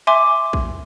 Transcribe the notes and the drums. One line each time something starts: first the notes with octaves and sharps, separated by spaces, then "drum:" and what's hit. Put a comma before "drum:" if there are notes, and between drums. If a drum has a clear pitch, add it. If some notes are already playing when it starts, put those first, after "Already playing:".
E5 G#5 C6 D6
drum: kick